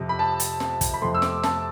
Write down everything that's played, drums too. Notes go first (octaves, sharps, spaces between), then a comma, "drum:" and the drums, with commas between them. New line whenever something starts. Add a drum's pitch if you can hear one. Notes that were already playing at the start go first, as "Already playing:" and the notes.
Already playing: F2 C3 F3
B5
A5
drum: hi-hat
drum: snare
drum: kick, hi-hat
B5
F2 C3 F3 A3 C6
E6
D6, drum: snare
A5, drum: snare